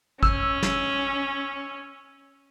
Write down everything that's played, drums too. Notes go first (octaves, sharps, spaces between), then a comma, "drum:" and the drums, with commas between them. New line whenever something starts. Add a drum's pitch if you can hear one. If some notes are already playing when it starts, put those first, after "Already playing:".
C#4 E6, drum: kick G#1
drum: snare